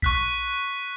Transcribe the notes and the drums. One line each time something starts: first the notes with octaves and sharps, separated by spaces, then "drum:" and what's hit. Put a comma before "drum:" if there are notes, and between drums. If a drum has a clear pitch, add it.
C#6 F#6 B6, drum: kick A#1